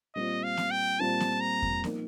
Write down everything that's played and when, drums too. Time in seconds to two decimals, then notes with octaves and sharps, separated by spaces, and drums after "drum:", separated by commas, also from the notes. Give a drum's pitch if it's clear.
0.15 A#2 G3 C4 F4 D#5
0.44 F5
0.57 drum: snare
0.71 G5
0.99 A#2 G3 C4 F4 A5
1.20 drum: snare
1.41 A#5
1.62 drum: kick E2
1.84 F3 A#3 D#4, drum: snare